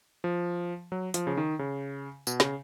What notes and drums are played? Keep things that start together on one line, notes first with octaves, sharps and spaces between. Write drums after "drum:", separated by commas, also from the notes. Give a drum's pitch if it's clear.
F3
F#3
F3, drum: hi-hat
C#3
D#3
C#3
B2, drum: tambourine
C#3, drum: snare